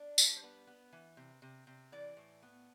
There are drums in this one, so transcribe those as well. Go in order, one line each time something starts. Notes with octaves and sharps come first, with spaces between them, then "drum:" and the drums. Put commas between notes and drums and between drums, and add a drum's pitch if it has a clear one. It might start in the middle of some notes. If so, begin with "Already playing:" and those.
Already playing: D4
G3, drum: tambourine
C5
B3 B4
B3
E3
C3
C3
C3
E3 D5
A2
B3